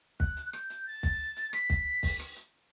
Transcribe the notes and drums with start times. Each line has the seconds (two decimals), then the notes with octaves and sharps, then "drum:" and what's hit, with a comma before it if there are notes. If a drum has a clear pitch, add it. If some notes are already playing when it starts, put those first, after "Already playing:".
0.20 F#6, drum: kick
0.37 drum: hi-hat
0.46 F#6
0.53 G6, drum: rim click
0.70 drum: hi-hat
0.87 A6
1.03 drum: kick, hi-hat
1.36 drum: hi-hat
1.53 B6, drum: rim click
1.70 drum: kick, hi-hat
2.03 drum: kick, open hi-hat
2.20 drum: rim click
2.36 drum: hi-hat